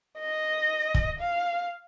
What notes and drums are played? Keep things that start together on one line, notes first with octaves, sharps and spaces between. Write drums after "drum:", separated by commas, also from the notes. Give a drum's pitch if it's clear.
D#5
drum: kick
F5